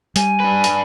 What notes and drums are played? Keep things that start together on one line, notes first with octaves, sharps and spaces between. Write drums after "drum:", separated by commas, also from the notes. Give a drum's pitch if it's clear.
G3 G#5, drum: hi-hat
D4 B4
drum: hi-hat